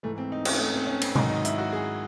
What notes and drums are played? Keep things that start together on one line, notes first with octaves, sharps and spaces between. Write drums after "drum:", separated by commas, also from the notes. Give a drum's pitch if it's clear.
G#2 E3 A3
C4
D#4
C#4, drum: cymbal
A3
C4
C#4
C4, drum: cymbal
G#2 D#3 F#3 D#4, drum: tom B2
D#4
E4, drum: hi-hat
F#4
G#4